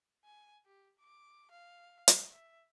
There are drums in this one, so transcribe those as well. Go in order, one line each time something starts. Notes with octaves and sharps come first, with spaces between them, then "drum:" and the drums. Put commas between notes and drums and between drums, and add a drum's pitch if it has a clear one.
G#5
G4
D6
F5
drum: hi-hat
E5